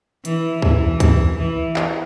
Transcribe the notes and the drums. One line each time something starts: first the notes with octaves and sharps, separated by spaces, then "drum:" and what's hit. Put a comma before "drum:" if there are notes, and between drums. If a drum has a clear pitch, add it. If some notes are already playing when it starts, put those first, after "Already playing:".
E3, drum: hi-hat
E3, drum: kick C2
drum: kick C2, hi-hat
E3
drum: clap